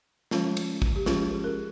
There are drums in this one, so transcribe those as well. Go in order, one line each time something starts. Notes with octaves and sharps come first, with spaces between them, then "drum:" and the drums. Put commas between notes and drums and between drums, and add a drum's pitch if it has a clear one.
F3 G#3 C#4 F4, drum: snare
drum: cymbal
drum: kick
G4
F3 G#3 C#4 F4 G#4, drum: snare
G#4
A#4